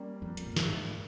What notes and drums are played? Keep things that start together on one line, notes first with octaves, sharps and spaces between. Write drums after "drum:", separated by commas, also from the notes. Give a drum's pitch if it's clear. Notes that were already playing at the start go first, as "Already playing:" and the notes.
Already playing: G3 A#3 C#4
F2
F2, drum: hi-hat
A#2
G#2, drum: snare
G2
G#2